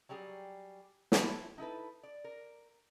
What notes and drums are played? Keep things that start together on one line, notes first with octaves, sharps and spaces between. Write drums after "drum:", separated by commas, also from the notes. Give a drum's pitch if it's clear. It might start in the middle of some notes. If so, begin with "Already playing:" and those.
F#3 G3 G4 G#4
E3 F3 E4, drum: snare
D#4 E4 A4 B4
D5
A#4